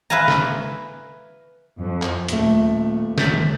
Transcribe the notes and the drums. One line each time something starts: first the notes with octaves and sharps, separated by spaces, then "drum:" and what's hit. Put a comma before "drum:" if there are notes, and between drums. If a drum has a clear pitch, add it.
B4 E5 F5 G#5 A#5
drum: snare
F2
drum: clap
D#1 A3, drum: hi-hat
G6 A6 B6, drum: snare
drum: tom